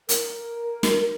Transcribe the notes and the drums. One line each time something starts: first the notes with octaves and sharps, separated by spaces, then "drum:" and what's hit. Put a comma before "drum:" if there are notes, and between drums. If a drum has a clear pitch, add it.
A#4, drum: hi-hat
drum: snare